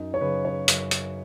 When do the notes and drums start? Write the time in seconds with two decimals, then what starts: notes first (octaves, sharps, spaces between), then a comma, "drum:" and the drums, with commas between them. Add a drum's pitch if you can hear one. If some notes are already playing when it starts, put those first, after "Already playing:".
Already playing: F#2 D#4
0.14 C#5
0.21 C#3 F#3 B4
0.45 C#5
0.68 F#2, drum: hi-hat
0.91 drum: hi-hat